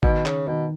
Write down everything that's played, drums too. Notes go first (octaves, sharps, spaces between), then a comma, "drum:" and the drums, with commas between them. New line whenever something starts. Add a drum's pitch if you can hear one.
B2 D#3, drum: kick G#1
C#3, drum: clap
B2 D#3